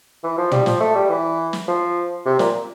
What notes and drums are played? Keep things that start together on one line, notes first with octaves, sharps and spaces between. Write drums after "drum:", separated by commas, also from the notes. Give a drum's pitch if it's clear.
E3
F3
G3, drum: tom
F3, drum: snare
A3
G3
E3
drum: snare
F3
C3
A#2, drum: snare